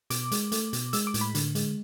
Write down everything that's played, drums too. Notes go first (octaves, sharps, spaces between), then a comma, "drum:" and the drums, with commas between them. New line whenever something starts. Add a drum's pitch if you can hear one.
B2 D6, drum: hi-hat
G#3, drum: hi-hat
A3, drum: hi-hat
B2, drum: hi-hat
G#3 E6, drum: hi-hat
D6
A2, drum: hi-hat
B5
D3, drum: hi-hat
G#3, drum: hi-hat